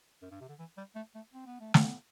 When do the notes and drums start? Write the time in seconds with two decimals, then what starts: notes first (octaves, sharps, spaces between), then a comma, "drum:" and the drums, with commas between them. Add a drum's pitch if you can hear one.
0.22 F#2
0.31 G2
0.41 C3
0.49 D3
0.59 E3
0.77 G3
0.96 A3
1.15 A3
1.33 C4
1.46 B3
1.60 A3
1.74 B3, drum: snare